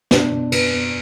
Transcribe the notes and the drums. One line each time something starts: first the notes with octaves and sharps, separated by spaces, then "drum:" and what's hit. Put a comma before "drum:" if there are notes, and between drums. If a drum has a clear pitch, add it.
B2 D4, drum: snare
B2
B2 B4, drum: cymbal
B3